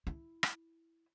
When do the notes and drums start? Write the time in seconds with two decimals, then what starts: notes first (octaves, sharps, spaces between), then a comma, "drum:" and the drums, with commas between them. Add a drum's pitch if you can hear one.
0.07 E4
0.43 drum: rim click